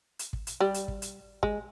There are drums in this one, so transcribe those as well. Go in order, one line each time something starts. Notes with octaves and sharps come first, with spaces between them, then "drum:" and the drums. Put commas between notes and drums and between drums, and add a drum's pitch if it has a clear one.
drum: hi-hat
drum: kick
drum: hi-hat
G3
drum: hi-hat
drum: kick
drum: hi-hat
G#3, drum: kick